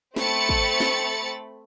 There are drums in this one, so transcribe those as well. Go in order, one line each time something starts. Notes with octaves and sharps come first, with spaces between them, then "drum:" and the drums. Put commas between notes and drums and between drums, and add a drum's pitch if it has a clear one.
A3 C4 B5 A6 C#7, drum: snare
drum: kick
drum: snare